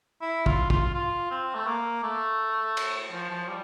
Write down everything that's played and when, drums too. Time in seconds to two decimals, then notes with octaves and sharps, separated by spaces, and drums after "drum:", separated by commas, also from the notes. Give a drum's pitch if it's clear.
0.22 E4
0.46 F4, drum: kick
0.70 F4, drum: kick
0.94 F4
1.31 C4
1.55 A3
1.67 A#3
2.03 A3
2.77 drum: cymbal
3.12 F3
3.31 F3
3.48 G3